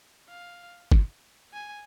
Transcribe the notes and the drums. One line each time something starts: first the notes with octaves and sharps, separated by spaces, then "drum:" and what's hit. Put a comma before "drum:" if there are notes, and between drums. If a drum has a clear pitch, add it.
F5
drum: kick
G#5